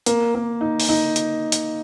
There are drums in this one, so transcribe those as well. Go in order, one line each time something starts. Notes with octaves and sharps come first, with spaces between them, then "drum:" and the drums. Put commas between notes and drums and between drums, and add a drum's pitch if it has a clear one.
A#3, drum: hi-hat
A#3
D#4
drum: open hi-hat
D#4
drum: hi-hat
drum: hi-hat